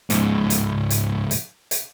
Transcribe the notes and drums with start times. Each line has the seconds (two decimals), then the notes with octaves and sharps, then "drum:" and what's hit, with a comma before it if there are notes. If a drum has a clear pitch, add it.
0.10 C#2 G#2, drum: hi-hat
0.50 drum: hi-hat
0.90 drum: hi-hat
1.31 drum: hi-hat
1.71 drum: hi-hat